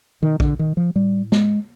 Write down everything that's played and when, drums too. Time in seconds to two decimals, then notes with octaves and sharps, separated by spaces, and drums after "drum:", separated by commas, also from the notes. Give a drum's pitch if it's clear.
0.22 B2 D#3
0.40 D3, drum: kick A#1
0.59 D#3
0.77 F3
0.95 A2 G3
1.32 G#3, drum: snare